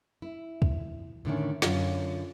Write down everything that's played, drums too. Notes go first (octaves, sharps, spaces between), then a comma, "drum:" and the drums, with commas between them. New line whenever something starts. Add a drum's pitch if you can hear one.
E4
drum: kick
A2 D3 D#3 C#4
F#2 D3 C#4 F4, drum: snare